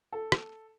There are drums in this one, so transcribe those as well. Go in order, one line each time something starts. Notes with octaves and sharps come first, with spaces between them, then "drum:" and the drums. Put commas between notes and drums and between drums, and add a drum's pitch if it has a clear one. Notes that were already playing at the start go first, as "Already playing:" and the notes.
A4
drum: rim click